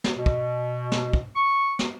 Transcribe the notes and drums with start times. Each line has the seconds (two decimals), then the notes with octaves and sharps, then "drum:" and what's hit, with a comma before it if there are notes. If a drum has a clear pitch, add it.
0.04 drum: snare
0.17 B2
0.26 drum: kick
0.92 drum: snare
1.13 drum: kick
1.35 C#6
1.79 drum: snare